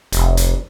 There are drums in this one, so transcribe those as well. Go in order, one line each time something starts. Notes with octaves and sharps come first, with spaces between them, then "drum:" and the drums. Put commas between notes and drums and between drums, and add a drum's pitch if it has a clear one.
F1, drum: hi-hat
drum: hi-hat